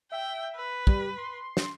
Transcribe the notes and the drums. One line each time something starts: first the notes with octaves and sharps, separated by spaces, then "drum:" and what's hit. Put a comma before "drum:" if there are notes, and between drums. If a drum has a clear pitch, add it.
E5 G5
B4
G3, drum: kick
C6
drum: snare